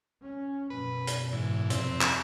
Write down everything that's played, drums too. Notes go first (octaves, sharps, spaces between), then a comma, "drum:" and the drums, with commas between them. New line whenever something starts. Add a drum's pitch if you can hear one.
C#4
F#2 B2 B4
drum: hi-hat
G#2 E3
F2 C3 C4, drum: hi-hat
drum: clap